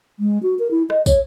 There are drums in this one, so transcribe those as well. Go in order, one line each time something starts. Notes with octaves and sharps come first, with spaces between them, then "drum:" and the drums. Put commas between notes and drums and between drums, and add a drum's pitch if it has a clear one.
G#3
F#4
A#4
E4
D#5, drum: rim click
C#5, drum: kick, tambourine